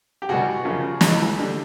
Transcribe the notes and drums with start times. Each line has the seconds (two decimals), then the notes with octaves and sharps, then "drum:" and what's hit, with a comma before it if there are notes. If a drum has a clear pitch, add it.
0.22 G4
0.29 C2 B2 G3 F#4 G#4
0.65 F#2 C#3 F3
1.01 C#2 C#3 E3 G#3, drum: snare
1.38 D3 G3